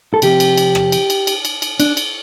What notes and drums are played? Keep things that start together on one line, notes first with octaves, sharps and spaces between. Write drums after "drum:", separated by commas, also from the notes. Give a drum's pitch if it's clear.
A4
C3 F3 C4 G4, drum: cymbal
drum: cymbal
drum: cymbal
drum: rim click
drum: cymbal
drum: cymbal
drum: cymbal
drum: cymbal
drum: cymbal
D4, drum: cymbal
drum: cymbal